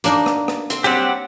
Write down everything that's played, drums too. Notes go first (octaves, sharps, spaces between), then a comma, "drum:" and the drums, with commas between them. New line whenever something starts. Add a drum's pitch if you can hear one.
A#3 D4 D#4, drum: hi-hat
drum: rim click
drum: rim click
C4, drum: hi-hat
F#3 G3 C4 G4 F#5